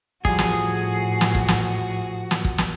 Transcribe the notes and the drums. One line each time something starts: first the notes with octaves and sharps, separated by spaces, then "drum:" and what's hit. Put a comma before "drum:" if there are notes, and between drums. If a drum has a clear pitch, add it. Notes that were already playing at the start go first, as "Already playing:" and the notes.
A2 F3 G3 F#4 G#4, drum: kick
drum: snare
drum: snare
drum: kick
drum: snare
drum: snare
drum: kick
drum: snare